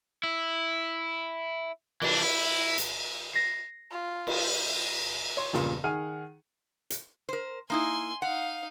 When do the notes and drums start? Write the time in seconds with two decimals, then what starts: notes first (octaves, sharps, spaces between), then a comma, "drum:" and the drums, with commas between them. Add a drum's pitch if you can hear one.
0.23 E4
2.02 E3 D4, drum: cymbal
2.23 E4
2.78 drum: hi-hat
3.33 A#6 C7
3.92 F4
4.27 drum: cymbal
5.37 C#5 C6
5.53 E1 G2 A#2 C#3, drum: snare
5.84 D#3 G#4 F#5 F6 D#7
6.90 drum: hi-hat
7.29 A#4 C5
7.70 A#3 D#4 E4 G#5 C6
8.22 D#4 F5 F#5